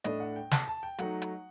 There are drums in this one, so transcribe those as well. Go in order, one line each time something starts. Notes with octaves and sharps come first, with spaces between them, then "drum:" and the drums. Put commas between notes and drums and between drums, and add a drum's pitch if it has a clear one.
A2 A3 D4 D#5, drum: hi-hat
F#5
G5
A5, drum: snare
A5
G5
F#3 A3 D#4 F#5, drum: hi-hat
drum: hi-hat